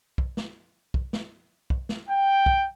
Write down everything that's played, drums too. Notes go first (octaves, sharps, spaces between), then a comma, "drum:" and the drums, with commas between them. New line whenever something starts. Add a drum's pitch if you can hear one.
drum: kick
drum: snare
drum: kick
drum: snare
drum: kick
drum: snare
G5
drum: kick